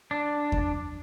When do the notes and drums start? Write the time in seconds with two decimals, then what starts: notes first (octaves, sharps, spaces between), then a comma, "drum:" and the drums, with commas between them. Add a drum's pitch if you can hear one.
0.11 D4
0.52 drum: kick E2